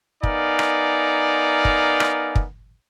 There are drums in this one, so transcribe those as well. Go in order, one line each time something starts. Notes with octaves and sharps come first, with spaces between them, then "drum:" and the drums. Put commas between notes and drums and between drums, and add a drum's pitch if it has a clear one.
B3 D#4 A#4 D5 F5 G#5, drum: kick
drum: rim click
drum: kick
drum: rim click
drum: kick